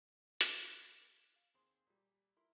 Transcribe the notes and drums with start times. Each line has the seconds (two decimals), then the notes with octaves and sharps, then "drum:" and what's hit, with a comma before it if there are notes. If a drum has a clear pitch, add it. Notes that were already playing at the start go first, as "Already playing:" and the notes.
0.41 drum: hi-hat
1.34 F5 F6
1.54 D#2 C4 G#4 C5 C6
1.87 A#2 G3
2.36 E4 A#4 B5 C6